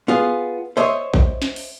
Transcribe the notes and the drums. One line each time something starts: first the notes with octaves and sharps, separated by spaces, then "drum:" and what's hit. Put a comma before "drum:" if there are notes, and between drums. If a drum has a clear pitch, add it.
B3 F4 G#4
C5 C#5 D#5 E5
drum: kick A#1
drum: snare
drum: open hi-hat